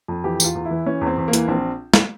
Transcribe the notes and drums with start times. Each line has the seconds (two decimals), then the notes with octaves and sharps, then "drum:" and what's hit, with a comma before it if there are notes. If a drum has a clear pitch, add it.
0.08 F2
0.24 E3 G4
0.40 E2 F4, drum: tambourine
0.55 E2
0.65 E4
0.71 E3
0.86 E3 C#4
1.01 E2
1.07 C4
1.18 E2
1.28 A#3
1.33 E3, drum: hi-hat
1.48 A#1 C4
1.94 drum: snare